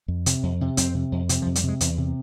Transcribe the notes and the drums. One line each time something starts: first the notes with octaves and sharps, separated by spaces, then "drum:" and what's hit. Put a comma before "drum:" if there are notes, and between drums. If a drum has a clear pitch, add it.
F2
C3, drum: hi-hat
F2
C3
F2 C4, drum: hi-hat
C3
F2
C3 C4, drum: hi-hat
F3
F2
G3, drum: hi-hat
C3 G#3
E2, drum: hi-hat
C3